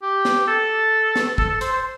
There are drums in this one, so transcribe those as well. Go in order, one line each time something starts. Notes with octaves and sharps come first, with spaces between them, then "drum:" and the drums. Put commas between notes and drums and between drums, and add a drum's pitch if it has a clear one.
G4
drum: snare
A4
drum: snare
A4, drum: kick
A4
C5, drum: hi-hat
C5